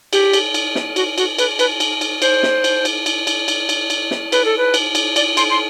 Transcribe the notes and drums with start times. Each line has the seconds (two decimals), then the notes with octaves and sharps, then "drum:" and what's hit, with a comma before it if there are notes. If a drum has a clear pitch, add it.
0.13 G4, drum: cymbal
0.33 drum: cymbal
0.54 drum: cymbal
0.75 drum: snare
0.96 F#4, drum: cymbal
1.18 F#4, drum: cymbal
1.38 B4, drum: cymbal
1.59 B4, drum: cymbal
1.80 drum: cymbal
2.01 drum: cymbal
2.22 C5, drum: cymbal
2.43 drum: snare
2.64 drum: cymbal
2.85 drum: cymbal
3.06 drum: cymbal
3.27 drum: cymbal
3.48 drum: cymbal
3.69 drum: cymbal
3.90 drum: cymbal
4.11 drum: snare
4.32 B4, drum: cymbal
4.45 A4
4.58 B4
4.74 drum: cymbal
4.95 drum: cymbal
5.16 D5, drum: cymbal
5.37 C6, drum: cymbal
5.50 C6